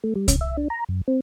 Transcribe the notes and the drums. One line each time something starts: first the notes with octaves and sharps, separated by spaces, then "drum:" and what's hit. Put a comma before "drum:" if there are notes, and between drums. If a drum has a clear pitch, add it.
A3
G3
C#4, drum: kick C2, hi-hat
E5
D4
A#5
F#2
C4